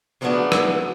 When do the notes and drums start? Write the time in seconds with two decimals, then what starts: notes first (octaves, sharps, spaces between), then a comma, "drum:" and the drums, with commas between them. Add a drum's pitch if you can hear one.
0.21 C#3 F3 F#3 A3 B3 D4
0.52 drum: rim click